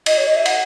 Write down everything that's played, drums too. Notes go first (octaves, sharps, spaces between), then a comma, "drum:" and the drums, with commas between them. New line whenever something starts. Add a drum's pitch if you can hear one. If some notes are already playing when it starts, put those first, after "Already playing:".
D#5, drum: cymbal
C#5
D#5
E5
F#5, drum: cymbal